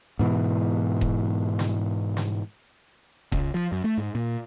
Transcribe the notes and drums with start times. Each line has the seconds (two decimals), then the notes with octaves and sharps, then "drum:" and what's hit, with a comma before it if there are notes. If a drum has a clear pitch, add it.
0.19 G#2 B2 E3
1.01 drum: kick D#1
1.59 drum: snare
2.17 drum: snare
3.32 C#2, drum: kick D#1
3.54 F3
3.72 F#2
3.84 A3
3.98 G#2
4.15 A#2